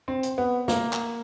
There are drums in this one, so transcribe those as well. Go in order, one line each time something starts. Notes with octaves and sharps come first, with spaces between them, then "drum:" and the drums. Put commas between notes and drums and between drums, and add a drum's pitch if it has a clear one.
C4
drum: hi-hat
B3
A#3, drum: snare
drum: clap